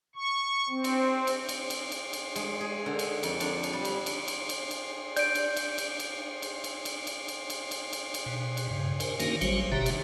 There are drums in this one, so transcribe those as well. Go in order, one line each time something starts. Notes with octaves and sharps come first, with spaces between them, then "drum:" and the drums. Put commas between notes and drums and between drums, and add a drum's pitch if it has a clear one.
C#6
C4
drum: cymbal
drum: cymbal
drum: cymbal
drum: cymbal
drum: cymbal
drum: cymbal
G#3, drum: cymbal
G#4
D3
drum: cymbal
F2, drum: cymbal
D4, drum: cymbal
drum: cymbal
G3
drum: cymbal
drum: cymbal
drum: cymbal
drum: cymbal
drum: cymbal
D5 G6 D7, drum: cymbal
drum: cymbal
drum: cymbal
drum: cymbal
drum: cymbal
drum: cymbal
drum: cymbal
drum: cymbal
drum: cymbal
drum: cymbal
drum: cymbal
drum: cymbal
drum: cymbal
drum: cymbal
B2
drum: cymbal
G2 C#3
A#4 C5 G#5, drum: cymbal
D#3 A#3 C#4 D#4 F#4 A#4, drum: cymbal
G#1 F#3 G3 F#4 C5 C#5, drum: cymbal
F#1 B2 D3 G4 E5 A#5
drum: cymbal